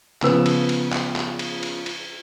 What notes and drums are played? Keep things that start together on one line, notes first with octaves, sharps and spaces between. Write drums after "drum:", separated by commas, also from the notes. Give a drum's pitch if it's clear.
C#3 F3 B3 E6, drum: clap
drum: cymbal
drum: cymbal
drum: clap
drum: clap
drum: cymbal
drum: cymbal
drum: cymbal